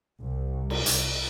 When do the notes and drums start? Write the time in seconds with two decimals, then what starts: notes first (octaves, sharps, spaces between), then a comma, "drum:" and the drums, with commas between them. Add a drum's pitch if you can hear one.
0.20 C2
0.70 drum: cymbal
0.86 C2, drum: hi-hat